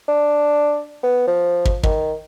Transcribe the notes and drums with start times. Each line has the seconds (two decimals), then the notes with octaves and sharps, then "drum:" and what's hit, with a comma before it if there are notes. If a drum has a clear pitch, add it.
0.08 D4
1.03 B3
1.27 F3
1.65 drum: kick
1.83 D#3, drum: kick